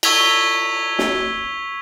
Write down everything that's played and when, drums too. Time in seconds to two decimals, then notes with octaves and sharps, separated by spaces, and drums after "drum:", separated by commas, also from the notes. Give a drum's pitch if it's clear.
0.03 C#6 E6 G#6 B6 F7 G7, drum: cymbal
0.99 drum: snare